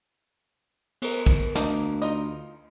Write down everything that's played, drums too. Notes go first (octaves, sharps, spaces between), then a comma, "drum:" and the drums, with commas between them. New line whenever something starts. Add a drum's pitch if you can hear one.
B3 A#4, drum: cymbal
drum: kick
D2 A3 A#3 D#4, drum: snare
D#4 F4 D#5, drum: hi-hat